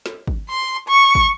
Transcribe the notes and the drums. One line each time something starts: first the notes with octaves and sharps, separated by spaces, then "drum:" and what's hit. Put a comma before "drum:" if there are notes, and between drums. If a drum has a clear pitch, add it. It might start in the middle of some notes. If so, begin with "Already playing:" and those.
drum: snare
drum: kick
C6
C#6
drum: kick